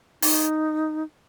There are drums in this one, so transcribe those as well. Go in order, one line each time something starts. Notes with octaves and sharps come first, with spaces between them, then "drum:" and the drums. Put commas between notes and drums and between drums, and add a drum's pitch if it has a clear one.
D#4, drum: open hi-hat